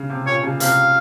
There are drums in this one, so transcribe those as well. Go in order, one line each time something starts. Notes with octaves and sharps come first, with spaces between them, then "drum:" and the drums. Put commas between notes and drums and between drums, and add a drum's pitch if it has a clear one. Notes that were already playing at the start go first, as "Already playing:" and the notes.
Already playing: C#3
C3
A#2 C#5
C#3
C3 F5, drum: hi-hat